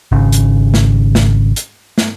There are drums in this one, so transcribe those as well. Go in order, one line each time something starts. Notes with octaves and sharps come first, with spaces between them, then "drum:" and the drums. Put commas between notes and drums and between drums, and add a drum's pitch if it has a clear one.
G#1 C#3
drum: hi-hat
drum: snare
drum: snare
drum: hi-hat
drum: snare